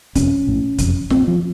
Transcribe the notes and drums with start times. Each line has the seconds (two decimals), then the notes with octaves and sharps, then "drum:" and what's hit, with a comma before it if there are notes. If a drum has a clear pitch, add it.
0.15 F1 F2 C3 C#4, drum: kick C#1, hi-hat
0.47 A#1 A2
0.78 F#1 F2 C#3, drum: kick C#1, hi-hat
1.10 A#1 A#2 C4, drum: snare
1.28 F3